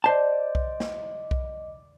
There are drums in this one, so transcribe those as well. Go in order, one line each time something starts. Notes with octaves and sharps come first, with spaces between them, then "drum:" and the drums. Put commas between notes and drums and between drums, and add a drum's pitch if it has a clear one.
C5 D5 D#5 A5
drum: kick B1
drum: snare
drum: kick B1